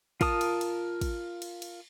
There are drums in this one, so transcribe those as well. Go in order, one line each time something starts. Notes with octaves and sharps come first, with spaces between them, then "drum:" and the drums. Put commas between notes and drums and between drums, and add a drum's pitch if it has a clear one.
F4 A#4 A5 D#6, drum: kick, cymbal
drum: cymbal
drum: cymbal
drum: kick, cymbal
drum: cymbal
drum: cymbal